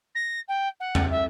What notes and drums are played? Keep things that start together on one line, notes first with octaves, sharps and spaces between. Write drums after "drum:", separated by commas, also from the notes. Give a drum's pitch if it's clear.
A#6
G5
F#5
drum: tom E2
E5